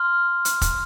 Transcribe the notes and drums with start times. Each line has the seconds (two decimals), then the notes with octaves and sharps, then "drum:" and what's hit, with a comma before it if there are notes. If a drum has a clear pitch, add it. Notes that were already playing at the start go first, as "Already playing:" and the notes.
Already playing: C6 F6
0.45 drum: hi-hat
0.61 drum: kick, hi-hat